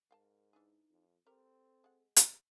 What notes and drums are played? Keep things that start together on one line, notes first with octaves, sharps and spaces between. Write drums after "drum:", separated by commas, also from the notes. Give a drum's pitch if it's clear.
G#2 A#4 F5 G5 A5
E3 D4 D#4 G#4
F2
G3 C4 A4 A#4
G#3 F#5
drum: hi-hat